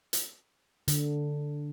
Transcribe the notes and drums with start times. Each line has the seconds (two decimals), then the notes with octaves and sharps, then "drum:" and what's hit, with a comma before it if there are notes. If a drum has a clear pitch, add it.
0.13 drum: hi-hat
0.88 D3, drum: hi-hat